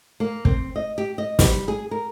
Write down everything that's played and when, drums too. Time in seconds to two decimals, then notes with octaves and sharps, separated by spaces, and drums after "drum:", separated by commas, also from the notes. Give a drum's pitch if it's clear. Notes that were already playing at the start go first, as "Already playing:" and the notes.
0.20 A#3
0.45 C4, drum: kick
0.76 D#5
0.98 G4
1.18 D#5
1.39 G3, drum: snare
1.68 G#4
1.91 A#4